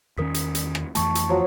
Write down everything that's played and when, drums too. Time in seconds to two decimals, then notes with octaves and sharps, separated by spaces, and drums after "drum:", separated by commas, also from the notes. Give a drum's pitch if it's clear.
0.18 E2 D#3 C#4 A#4 D#6 B6
0.34 drum: hi-hat
0.55 drum: hi-hat
0.75 drum: rim click
0.95 F2 E3 A3 A5 C#6, drum: hi-hat
1.15 drum: hi-hat
1.30 F3 F#3